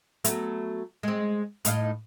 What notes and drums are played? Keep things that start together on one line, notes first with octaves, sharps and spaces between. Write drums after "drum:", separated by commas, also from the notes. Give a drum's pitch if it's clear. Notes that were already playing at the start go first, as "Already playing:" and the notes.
F#3 A3 B3, drum: hi-hat
G#3 C4
A2 D#4 F5, drum: hi-hat